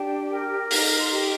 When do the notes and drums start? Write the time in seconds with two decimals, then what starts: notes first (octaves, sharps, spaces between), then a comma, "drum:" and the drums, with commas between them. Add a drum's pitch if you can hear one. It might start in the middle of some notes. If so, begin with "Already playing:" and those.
Already playing: D4 G4 G5
0.31 A#4
0.71 D#4 A#5, drum: open hi-hat
0.98 C6
1.12 G4